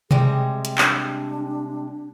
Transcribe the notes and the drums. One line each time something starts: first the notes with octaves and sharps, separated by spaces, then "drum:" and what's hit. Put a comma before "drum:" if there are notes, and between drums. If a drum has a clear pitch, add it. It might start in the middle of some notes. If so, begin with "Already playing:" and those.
C3 G3 G#3 G#4, drum: tom B2
drum: hi-hat
D4, drum: clap